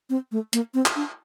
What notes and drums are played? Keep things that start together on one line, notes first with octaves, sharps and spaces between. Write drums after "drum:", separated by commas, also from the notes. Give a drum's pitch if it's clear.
C4
A3
A#3, drum: hi-hat
C4
drum: clap
D4